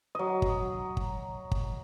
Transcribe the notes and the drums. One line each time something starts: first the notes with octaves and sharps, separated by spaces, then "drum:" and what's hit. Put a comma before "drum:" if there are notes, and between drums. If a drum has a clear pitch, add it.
F#3 D#5
drum: kick
drum: kick
drum: kick